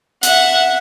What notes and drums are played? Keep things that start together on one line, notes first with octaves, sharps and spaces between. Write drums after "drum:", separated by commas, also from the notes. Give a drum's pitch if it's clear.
E5 F#5, drum: hi-hat